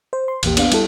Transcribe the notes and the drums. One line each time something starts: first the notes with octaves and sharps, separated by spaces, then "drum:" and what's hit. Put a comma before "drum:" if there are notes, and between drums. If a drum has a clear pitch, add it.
C5
C6
A#1 E2 A#3 G4, drum: cymbal
B3 D4 F5, drum: cymbal
G3 E4 G4 A4, drum: cymbal